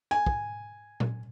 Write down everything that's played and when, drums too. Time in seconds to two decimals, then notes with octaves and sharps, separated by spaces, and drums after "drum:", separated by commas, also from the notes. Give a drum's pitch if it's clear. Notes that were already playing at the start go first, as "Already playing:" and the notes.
0.11 G#5
0.26 drum: kick
1.00 drum: tom A#2